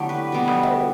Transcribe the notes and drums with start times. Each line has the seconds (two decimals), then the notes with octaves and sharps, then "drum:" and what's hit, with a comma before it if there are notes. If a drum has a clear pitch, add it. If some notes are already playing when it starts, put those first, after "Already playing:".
Already playing: D3 F#3 A3 B3 D4 E4 G4
0.09 B4
0.32 B2 G3 B3
0.48 drum: snare
0.63 drum: tom